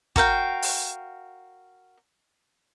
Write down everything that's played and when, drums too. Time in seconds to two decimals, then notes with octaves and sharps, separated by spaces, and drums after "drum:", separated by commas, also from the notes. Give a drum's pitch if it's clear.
0.16 F#4 A#4 F5 G5, drum: kick
0.62 drum: open hi-hat